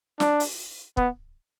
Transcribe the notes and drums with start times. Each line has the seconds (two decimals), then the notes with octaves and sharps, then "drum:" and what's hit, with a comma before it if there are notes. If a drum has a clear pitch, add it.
0.20 D4, drum: snare
0.40 drum: open hi-hat
0.97 B3, drum: kick